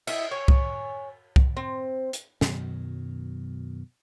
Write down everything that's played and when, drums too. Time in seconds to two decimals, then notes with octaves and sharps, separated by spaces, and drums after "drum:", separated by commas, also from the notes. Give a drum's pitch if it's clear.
0.07 E4 D#5 E5, drum: cymbal
0.31 C#5 G#5
0.48 drum: kick C2
1.36 drum: kick C2
1.57 C4
2.13 drum: hi-hat
2.41 F#2 B2 D#3 F#3, drum: snare